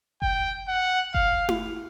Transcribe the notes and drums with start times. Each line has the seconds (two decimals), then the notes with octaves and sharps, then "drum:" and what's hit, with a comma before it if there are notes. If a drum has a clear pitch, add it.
0.22 G5, drum: kick F#1
0.68 F#5
1.14 F5, drum: kick F#1
1.49 drum: tom E4